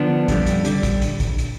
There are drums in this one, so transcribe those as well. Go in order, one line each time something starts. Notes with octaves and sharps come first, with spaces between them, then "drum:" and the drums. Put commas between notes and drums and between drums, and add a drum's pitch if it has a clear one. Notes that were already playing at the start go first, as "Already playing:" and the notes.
Already playing: D3 F3 B3 D4
F2 D3 G3, drum: kick, hi-hat
drum: hi-hat
D3 G3, drum: hi-hat
drum: kick, hi-hat
drum: hi-hat
drum: kick, hi-hat
drum: hi-hat